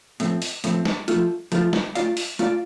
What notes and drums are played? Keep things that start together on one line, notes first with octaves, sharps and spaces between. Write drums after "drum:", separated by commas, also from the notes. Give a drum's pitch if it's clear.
A2 F3 A3 C4, drum: hi-hat
drum: open hi-hat
A2 F3 A3 C4, drum: hi-hat
drum: snare
F3 A3 F4, drum: hi-hat
F3 A3 F4, drum: hi-hat
drum: snare
A3 F4 D5 F5, drum: hi-hat
drum: open hi-hat
A3 F4 D5 F5, drum: hi-hat